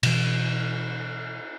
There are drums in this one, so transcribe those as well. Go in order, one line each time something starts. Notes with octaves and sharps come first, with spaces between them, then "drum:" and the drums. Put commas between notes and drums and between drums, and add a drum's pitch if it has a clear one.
B2 E3, drum: cymbal